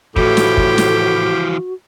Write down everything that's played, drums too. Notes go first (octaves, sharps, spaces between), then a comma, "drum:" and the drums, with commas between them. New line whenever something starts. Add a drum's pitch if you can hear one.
A2 E3 F3 F#4 G4, drum: kick
drum: snare
drum: kick
drum: snare